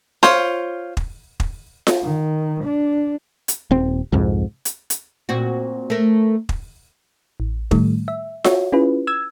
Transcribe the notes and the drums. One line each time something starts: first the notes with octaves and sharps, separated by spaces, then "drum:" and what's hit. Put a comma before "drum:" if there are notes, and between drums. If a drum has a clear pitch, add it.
F4 C5 C#5, drum: snare F4
drum: kick
drum: kick
drum: snare F4
D#3
D4
drum: hi-hat
D#1 C4
C2 F2 G#2
drum: hi-hat
drum: hi-hat
A#2 C4 F#4
A3 A#4
drum: kick
A1
A2 D#3 G3 A3, drum: kick
E5
F#4 C#5 E5, drum: snare F4
C#4 E4 F4 G#4 B4
E6 G#6